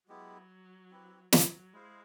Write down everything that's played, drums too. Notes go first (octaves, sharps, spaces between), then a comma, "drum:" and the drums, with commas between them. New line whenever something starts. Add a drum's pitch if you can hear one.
F#3 G#3 B3 E4 G4
C4 E4 G4 B4
F#3, drum: snare
G#3 E4 G#4 C5 F5